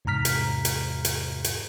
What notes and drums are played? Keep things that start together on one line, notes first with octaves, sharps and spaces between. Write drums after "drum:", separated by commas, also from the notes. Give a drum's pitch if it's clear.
E2 G#2 C3 A#5 F6 B6
drum: hi-hat
drum: hi-hat
drum: hi-hat
drum: hi-hat